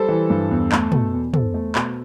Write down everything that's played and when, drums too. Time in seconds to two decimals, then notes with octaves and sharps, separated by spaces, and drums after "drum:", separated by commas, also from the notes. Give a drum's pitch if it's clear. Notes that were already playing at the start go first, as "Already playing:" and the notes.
Already playing: G3 A4 C5
0.09 E3
0.30 G2
0.51 E2
0.72 A3, drum: clap
0.92 B2, drum: tom
1.13 E2
1.34 E2 A4 C5, drum: tom
1.54 A3
1.75 B2, drum: clap